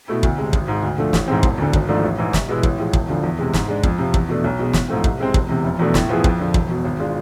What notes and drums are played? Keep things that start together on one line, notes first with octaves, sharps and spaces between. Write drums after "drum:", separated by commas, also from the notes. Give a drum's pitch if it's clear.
B2 A3 E4
D2, drum: kick
C3 G#3
G#1, drum: kick
G#2 G#3
D2
D3 F3 A3
A1, drum: snare
G#2 E3 G#3 C4
E1, drum: kick
D2 D3
G#1, drum: kick
G#2 F3 A3 D4
A1
G#2 E3
C2, drum: snare
B2 G#3 B3 E4
A1, drum: kick
A2 F3 G#3
E1, drum: kick
D2 D3 F3
E2
C3 G#3
G#2, drum: snare
G#3 D4
F2, drum: kick
C3 F3
E2, drum: kick
B2 A3 D4
B1
B2 G#3
A1, drum: snare
G#2 F3 A3 C4
C2, drum: kick
C3 G#3 C4
E1, drum: kick
E2 C3
F1
E2 B2 A3 D4
A2, drum: snare
F3 B3 E4 G#4
F2, drum: kick
D3 F3
E1, drum: kick
E2 B2
G#1
G#3 D4 F4